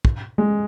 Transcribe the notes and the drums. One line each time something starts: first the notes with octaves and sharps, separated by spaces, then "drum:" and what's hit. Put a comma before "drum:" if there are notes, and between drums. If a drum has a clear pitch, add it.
drum: kick
G#3